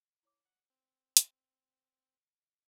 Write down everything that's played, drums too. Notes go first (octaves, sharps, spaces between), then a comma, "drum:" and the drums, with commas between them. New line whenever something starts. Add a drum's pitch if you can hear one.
E4 C#5 D6
F#5
C4
drum: hi-hat